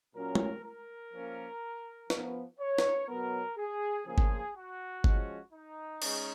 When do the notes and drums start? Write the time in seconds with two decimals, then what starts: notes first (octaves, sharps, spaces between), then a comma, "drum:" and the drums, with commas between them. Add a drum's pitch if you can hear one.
0.15 A#2 F#3 C#4 A#4
0.35 drum: tom G#3
0.64 A#4
1.14 F3 A#3 C#4
2.10 F3 B3, drum: snare
2.60 C#5
2.78 drum: snare
3.08 B2 F#3 B3 A#4
3.57 G#4
4.06 C#3 F3 A#3 G#4
4.18 drum: kick G1
4.55 F#4
5.04 F3 G#3 C#4, drum: kick G1
5.52 D#4
6.02 G#3 C#4, drum: cymbal